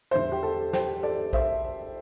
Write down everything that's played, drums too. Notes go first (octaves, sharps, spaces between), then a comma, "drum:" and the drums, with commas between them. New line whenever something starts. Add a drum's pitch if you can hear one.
E2 D3 G3 C5 E5
G4
A4
G4 C5, drum: snare
A4 D5
C5 E5, drum: kick